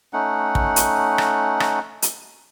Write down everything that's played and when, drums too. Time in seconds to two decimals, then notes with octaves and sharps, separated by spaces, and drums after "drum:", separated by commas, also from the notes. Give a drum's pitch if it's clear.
0.13 A3 C#4 D#4 F#5
0.55 drum: kick
0.76 drum: hi-hat
1.18 drum: rim click
1.60 drum: rim click
2.02 drum: hi-hat